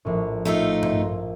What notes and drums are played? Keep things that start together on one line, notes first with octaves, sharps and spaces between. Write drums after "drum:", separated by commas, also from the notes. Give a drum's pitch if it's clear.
A#1 A2
A3 D#4 F4 E5 F5 E6
drum: tom G2